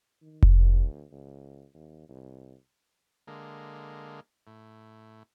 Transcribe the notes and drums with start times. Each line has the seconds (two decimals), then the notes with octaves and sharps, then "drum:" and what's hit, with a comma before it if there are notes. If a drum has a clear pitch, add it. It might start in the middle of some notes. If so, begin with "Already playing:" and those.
0.22 D#3
0.42 drum: kick F1
0.60 D2
1.12 C#2
1.74 D#2
2.09 C2
3.27 D3 G#3 A#3
4.47 A2